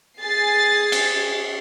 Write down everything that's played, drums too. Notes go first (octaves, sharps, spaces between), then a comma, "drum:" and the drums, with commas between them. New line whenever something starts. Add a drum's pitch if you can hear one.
G#4 A6 C7
drum: cymbal